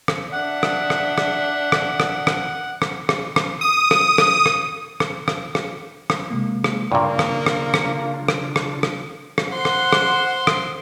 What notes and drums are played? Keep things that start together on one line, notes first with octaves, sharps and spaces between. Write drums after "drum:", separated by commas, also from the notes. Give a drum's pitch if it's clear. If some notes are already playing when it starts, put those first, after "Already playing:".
drum: rim click
D4 E5 F#5
drum: rim click
drum: rim click
drum: rim click
drum: rim click
drum: rim click
drum: rim click
drum: rim click
drum: rim click
drum: rim click
D#6
drum: rim click
drum: rim click
drum: rim click
drum: rim click
drum: rim click
drum: rim click
drum: rim click
C3 G#3 A#3
drum: rim click
G2 A#2 C#3 A#3 D4 F4 D5 C#6
drum: rim click
drum: rim click
drum: rim click
drum: rim click
drum: rim click
drum: rim click
drum: rim click
C5 F#5 C6
drum: rim click
drum: rim click
drum: rim click